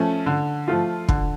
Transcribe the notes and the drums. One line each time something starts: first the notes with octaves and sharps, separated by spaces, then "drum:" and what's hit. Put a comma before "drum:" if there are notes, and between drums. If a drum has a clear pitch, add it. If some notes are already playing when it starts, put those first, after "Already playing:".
Already playing: F3 A3 C#4
D3
F3 A3 F4
D3, drum: kick